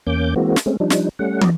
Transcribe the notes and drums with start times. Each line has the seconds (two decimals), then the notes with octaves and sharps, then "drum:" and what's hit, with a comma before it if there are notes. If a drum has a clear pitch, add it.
0.07 E2 A#3 C#4 D6 G6
0.36 E3 G#3 A#3 C4 F#4
0.56 drum: snare
0.66 G#3 A3 C4 C#4
0.80 F3 G3 D4 D#4
0.90 drum: snare
1.19 G3 A3 C#4 F#5
1.41 B3 C#4 F#4 D5 D#5, drum: tom